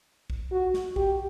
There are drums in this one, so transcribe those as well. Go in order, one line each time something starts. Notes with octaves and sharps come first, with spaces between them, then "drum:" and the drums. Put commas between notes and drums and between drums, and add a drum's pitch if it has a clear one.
drum: kick A#1
F#4
drum: snare
G4, drum: kick A#1